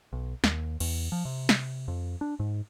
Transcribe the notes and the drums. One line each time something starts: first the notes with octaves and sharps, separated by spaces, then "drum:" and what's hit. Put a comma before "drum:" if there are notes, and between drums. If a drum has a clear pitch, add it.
B1
D#2, drum: snare
E2, drum: cymbal
F3
C3
drum: snare
F2
D4
G#2